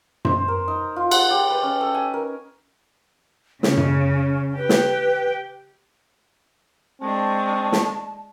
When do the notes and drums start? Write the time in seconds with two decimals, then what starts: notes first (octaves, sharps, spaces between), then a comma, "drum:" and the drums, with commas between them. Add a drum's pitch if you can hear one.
0.25 C5, drum: tom F#2
0.48 A#4
0.68 D#4
0.96 F4
1.11 F#5, drum: cymbal
1.31 G4
1.50 B4
1.63 C#4
1.81 A4
1.94 G#5
2.14 A#4
3.63 C#3 C#4, drum: snare
3.77 drum: tom F#2
4.57 G4 B4 G5
4.69 drum: snare
7.02 G#3 C4 D4 A5 C#6
7.72 drum: snare